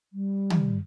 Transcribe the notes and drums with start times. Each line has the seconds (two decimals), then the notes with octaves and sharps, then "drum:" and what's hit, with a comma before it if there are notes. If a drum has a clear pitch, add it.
0.13 G3
0.50 drum: tom